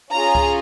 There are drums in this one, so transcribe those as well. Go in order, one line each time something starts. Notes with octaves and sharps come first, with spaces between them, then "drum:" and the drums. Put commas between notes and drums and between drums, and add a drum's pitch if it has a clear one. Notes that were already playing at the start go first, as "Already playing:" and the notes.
C#4 F4 G#4 A#5
drum: kick C#2